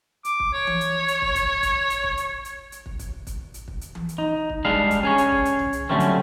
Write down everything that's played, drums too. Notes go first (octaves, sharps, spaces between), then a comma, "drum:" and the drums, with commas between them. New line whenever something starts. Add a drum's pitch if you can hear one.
D6, drum: hi-hat
drum: kick
C#5
drum: tom E3
drum: hi-hat
drum: hi-hat
drum: kick
drum: kick, hi-hat
drum: kick, hi-hat
drum: hi-hat
drum: kick
drum: hi-hat
drum: hi-hat
drum: hi-hat
drum: kick
drum: kick, hi-hat
drum: kick, hi-hat
drum: hi-hat
drum: kick
drum: hi-hat
drum: tom E3
drum: hi-hat
D#4
drum: kick
G3 G#3 D4 F5, drum: kick
drum: kick, hi-hat
C#4 G#4 C#5
drum: hi-hat
drum: kick
drum: hi-hat
drum: tom
drum: hi-hat
D3 F#3 G3 A3 C4 C#4
drum: hi-hat